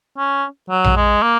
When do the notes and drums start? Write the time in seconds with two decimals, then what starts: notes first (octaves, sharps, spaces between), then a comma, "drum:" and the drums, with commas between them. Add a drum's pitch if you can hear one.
0.18 C#4
0.70 F#3
0.84 drum: tom A#1
0.96 G#3
1.22 A#3